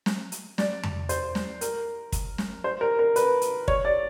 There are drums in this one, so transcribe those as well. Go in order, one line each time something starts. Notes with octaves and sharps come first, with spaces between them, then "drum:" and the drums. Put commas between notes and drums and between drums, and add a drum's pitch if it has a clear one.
drum: snare
drum: hi-hat
D5, drum: snare
drum: tom F2
C5, drum: hi-hat
drum: snare
A#4, drum: hi-hat
drum: kick, hi-hat
drum: snare
C5
A#4
A#4
B4, drum: hi-hat
drum: hi-hat
C#5, drum: kick
D5